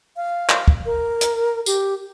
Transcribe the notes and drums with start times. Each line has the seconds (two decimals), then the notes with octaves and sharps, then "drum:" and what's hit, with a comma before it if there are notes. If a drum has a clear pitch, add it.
0.17 F5
0.49 drum: clap
0.68 drum: kick
0.86 A#4
1.21 drum: hi-hat
1.66 G4, drum: tambourine